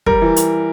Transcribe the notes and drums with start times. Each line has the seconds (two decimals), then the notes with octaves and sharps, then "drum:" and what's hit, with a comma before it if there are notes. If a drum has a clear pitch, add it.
0.06 G3 A#4, drum: kick
0.22 E3
0.36 drum: hi-hat